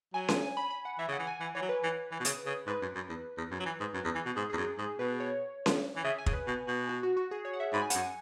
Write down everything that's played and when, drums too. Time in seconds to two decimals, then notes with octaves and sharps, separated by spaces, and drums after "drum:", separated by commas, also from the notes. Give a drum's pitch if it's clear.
0.14 F#3 G#5
0.28 G#5, drum: snare C#4
0.42 G#5
0.57 B5
0.71 B5
0.85 F#5
0.98 E3 E5
1.08 C#3 F#5
1.19 E3
1.27 G#5
1.40 E3 F#5
1.55 E3 C#5
1.62 F#3
1.69 B4
1.83 E3
2.12 E3
2.20 B2
2.25 C#3, drum: hi-hat
2.46 C#3
2.67 G#2 B4
2.82 F#2
2.95 F#2
3.09 E2
3.38 E2
3.51 F#2
3.60 F#3
3.65 E3
3.80 G#2
3.94 F#2
4.04 E2
4.15 E3
4.26 B2
4.36 G#2 G#4
4.50 E2 G#4
4.57 F#2
4.64 G#4
4.78 G#2 G#4
4.99 B2 B4
5.20 C#5
5.66 drum: snare C#4
5.96 E3
6.04 C#3 E5
6.18 G#5
6.26 C#3, drum: kick
6.33 B4
6.47 B2
6.67 B2
6.89 F#4
7.03 F#4
7.17 F#4
7.31 G#4
7.45 C#5
7.53 F#5
7.60 E5
7.73 G#2 B5
7.82 G#5
7.90 F#5, drum: hi-hat
7.95 F#2
7.98 G#5